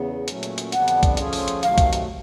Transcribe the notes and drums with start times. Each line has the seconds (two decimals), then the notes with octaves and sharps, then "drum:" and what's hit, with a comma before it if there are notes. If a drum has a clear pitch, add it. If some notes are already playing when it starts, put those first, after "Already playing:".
Already playing: E2 C#3 B3
0.28 A#2 F#3 A3 C#4, drum: hi-hat
0.43 drum: hi-hat
0.58 drum: hi-hat
0.72 F2 D3 G3 B3 D4 F#5, drum: hi-hat
0.88 drum: hi-hat
1.03 drum: kick, hi-hat
1.17 F3 A3 C#4 F4 G#4, drum: hi-hat
1.33 drum: open hi-hat
1.48 drum: hi-hat
1.63 C3 D#3 F#3 A3 F5, drum: hi-hat
1.78 drum: kick, hi-hat
1.93 drum: hi-hat